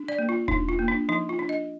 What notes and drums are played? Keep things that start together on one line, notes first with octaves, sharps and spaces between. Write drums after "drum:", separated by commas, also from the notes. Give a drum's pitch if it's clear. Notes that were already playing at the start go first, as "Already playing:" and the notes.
Already playing: D4
D5
A#3
F4
D4 D#4, drum: kick E1
F4
A#3
D4
F3 D#4
F4
D4
D#5